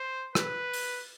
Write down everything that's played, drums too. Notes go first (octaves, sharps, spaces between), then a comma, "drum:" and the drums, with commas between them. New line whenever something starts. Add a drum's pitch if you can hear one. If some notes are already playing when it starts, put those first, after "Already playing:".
Already playing: C5
B4, drum: rim click
drum: open hi-hat